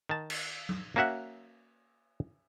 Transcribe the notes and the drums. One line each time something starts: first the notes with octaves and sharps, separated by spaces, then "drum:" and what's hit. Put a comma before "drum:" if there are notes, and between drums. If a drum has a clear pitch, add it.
D#3 A5
drum: cymbal
drum: tom F#3
A#3 C#4 F#4 E5 F#5